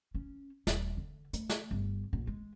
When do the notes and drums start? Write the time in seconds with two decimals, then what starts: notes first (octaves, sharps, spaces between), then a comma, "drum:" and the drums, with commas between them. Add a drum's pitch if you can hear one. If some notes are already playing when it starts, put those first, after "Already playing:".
0.15 C#4
0.67 D#1, drum: snare
0.97 D3
1.33 A3, drum: hi-hat
1.49 drum: snare
1.71 G1
2.13 A#1
2.27 G#3